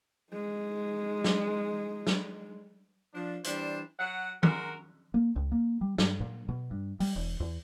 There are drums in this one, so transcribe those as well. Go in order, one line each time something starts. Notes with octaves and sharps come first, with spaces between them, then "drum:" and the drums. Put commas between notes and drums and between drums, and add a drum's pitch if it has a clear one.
G#3 D#4
drum: snare
drum: snare
F3 D4
E3 G3 D4 C5, drum: hi-hat
F#3 F#5
G#3 F#4 A#4, drum: tom
A#3
C#2
A#3
G3
G2, drum: snare
A#2
B2
G2
G3, drum: open hi-hat
E1
E2